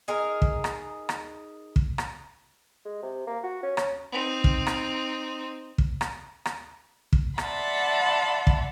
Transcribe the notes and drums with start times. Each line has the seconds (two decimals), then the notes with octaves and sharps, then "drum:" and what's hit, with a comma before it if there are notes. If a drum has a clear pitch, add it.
0.08 D#4 G#4 A#4
0.42 drum: kick
0.64 drum: rim click
1.09 drum: rim click
1.76 drum: kick
1.98 drum: rim click
2.85 G#3
3.02 C3
3.27 A#3
3.44 F#4
3.63 C#4
3.77 C#4, drum: rim click
4.12 C4 D#4
4.44 drum: kick
4.67 drum: rim click
5.78 drum: kick
6.01 drum: rim click
6.45 drum: rim click
7.13 drum: kick
7.38 D5 E5 F#5 A5 B5 C6, drum: rim click
8.47 drum: kick